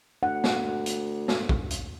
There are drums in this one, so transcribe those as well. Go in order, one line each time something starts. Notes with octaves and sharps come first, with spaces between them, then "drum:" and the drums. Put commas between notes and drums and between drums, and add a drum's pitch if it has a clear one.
D2 F#5
drum: snare
drum: hi-hat
drum: snare
drum: kick
drum: hi-hat